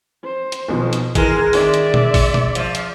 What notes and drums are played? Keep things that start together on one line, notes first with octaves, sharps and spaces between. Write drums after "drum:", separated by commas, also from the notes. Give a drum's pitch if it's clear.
C5
drum: hi-hat
B1 B2 F3
drum: hi-hat
E3 G#3 A#4, drum: kick, hi-hat
D#3 D5 E5, drum: open hi-hat
drum: hi-hat
drum: tom B2
C#7, drum: kick, open hi-hat
drum: tom B2
F3, drum: hi-hat
drum: hi-hat